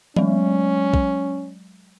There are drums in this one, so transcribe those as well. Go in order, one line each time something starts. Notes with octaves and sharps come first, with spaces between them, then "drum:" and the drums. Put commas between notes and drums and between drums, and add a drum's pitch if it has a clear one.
F#3 G#3 C#4, drum: tom E3
drum: kick